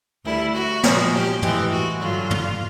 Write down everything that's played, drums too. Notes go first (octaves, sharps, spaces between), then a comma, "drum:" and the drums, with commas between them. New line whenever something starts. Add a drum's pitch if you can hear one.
D2 D3 G3 E4
F#4
A#2 F3 G#3, drum: snare
G4
A2 E3 G#3 G4, drum: tom
F#4
G2 D3 F#3 F4
drum: tom